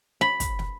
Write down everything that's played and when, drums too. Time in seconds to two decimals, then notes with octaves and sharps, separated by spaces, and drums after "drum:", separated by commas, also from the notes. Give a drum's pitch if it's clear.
0.21 B5
0.40 drum: kick, hi-hat
0.59 drum: snare